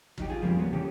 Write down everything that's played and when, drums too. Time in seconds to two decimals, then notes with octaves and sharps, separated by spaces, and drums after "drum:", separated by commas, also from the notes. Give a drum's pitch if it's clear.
0.18 F#3 D#4 G4, drum: kick
0.30 F4 G#4
0.42 F2 C#3 F3 G3 G#3 A#3
0.58 E2 F#3 A#3 B3
0.72 C#3 E3 C#4 G4 A4